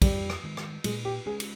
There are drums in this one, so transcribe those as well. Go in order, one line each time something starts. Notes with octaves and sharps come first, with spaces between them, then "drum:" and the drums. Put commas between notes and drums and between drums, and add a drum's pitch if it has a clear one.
F2 G3, drum: kick, cymbal
drum: rim click
D#3 G#3
drum: rim click
A#2 G#3, drum: cymbal
G4
G#3 C#4 G#4
drum: cymbal